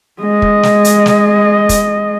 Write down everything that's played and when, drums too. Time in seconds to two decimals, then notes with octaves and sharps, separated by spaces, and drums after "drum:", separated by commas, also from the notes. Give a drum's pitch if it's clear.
0.21 G#3 D#5
0.42 drum: kick
0.63 drum: snare
0.84 drum: hi-hat
1.06 drum: snare
1.69 drum: kick, hi-hat